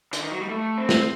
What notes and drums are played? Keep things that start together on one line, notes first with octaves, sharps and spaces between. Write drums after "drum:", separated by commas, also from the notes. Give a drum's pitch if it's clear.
D3, drum: hi-hat
D#3
F#3
G3
A3
C4
drum: snare